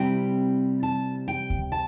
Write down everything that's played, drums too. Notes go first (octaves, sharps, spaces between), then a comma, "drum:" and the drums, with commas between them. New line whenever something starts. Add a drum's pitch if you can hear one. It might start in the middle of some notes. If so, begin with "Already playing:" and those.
Already playing: C3 G3 C4 E4 G5
A5
G5
drum: kick D2
A5